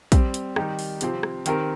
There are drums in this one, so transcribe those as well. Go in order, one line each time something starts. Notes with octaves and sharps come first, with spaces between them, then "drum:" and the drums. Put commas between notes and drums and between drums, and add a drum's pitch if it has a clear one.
G3 C4 G4, drum: kick, hi-hat
drum: hi-hat
D#3 G3 D#4 G4, drum: rim click
drum: open hi-hat
C3 F3 C4 G4, drum: hi-hat
drum: rim click
D#3 C4 G4 A#4, drum: hi-hat